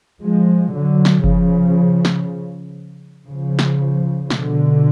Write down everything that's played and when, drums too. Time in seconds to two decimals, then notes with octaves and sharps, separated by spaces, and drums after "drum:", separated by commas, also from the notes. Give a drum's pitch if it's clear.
0.22 F3 G#3
0.73 D3 F#3
1.05 drum: snare
1.24 C#3 F3, drum: kick F#1
2.05 drum: snare
3.28 C#3 F3
3.59 drum: snare
4.30 B2 D3, drum: snare